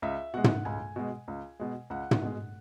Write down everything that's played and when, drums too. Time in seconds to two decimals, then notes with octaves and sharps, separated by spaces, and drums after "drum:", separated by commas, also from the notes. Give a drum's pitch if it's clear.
0.02 C#2 E5
0.34 B2 G#3 F#5
0.44 drum: tom
0.65 C#2 G#5
0.96 B2 G#3
1.28 C#2
1.60 B2 G#3
1.90 C#2 F#5
2.11 drum: tom
2.22 B2 G#3